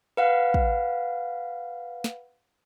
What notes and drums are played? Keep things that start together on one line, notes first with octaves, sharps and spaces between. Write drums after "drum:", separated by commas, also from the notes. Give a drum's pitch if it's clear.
B4 F5 F#5
drum: kick
drum: snare